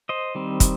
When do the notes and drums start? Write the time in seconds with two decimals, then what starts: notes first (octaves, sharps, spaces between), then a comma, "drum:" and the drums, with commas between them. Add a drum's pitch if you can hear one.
0.09 C5 D#5
0.35 D#3 G3 C4
0.60 drum: kick, hi-hat